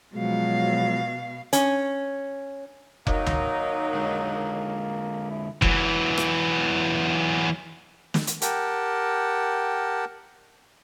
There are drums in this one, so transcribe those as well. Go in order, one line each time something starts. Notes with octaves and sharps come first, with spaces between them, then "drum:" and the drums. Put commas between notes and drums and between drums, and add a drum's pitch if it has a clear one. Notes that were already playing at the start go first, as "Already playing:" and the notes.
B2 F3 F#3 G#3 F5
C#4, drum: hi-hat
D#3 F#3 A#3 D#4, drum: kick F1
drum: tom C#2
D3 G#3
E4
E3 F#3, drum: kick F1
drum: rim click
drum: snare
drum: hi-hat
G4 A#4 F#5 G5 A5, drum: hi-hat